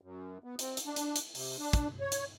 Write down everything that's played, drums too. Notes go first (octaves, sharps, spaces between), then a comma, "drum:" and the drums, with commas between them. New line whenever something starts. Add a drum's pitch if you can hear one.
F#2
B3
C4, drum: hi-hat
drum: hi-hat
D4
drum: hi-hat
drum: hi-hat
C3, drum: open hi-hat
D4
drum: kick, hi-hat
C#5
drum: hi-hat